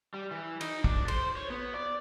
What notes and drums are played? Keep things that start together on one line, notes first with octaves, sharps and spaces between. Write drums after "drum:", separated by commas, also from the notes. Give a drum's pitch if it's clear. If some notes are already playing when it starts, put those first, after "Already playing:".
G3
E3
D#4, drum: cymbal
D4, drum: kick
C5, drum: cymbal
C#5
B3
D5